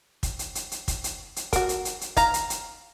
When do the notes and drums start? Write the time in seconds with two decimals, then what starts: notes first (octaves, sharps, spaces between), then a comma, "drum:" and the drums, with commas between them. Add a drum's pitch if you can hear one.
0.23 drum: kick, hi-hat
0.39 drum: hi-hat
0.55 drum: hi-hat
0.71 drum: hi-hat
0.88 drum: kick, hi-hat
1.04 drum: hi-hat
1.36 drum: hi-hat
1.53 F#4 A#4, drum: kick, hi-hat
1.69 drum: hi-hat
1.85 drum: hi-hat
2.01 drum: hi-hat
2.17 F5 A#5, drum: kick, hi-hat
2.34 drum: hi-hat
2.50 drum: hi-hat